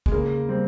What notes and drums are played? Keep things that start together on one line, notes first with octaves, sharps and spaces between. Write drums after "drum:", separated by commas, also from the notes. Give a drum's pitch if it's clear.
G#3, drum: kick
C#3 A#3
G3 C4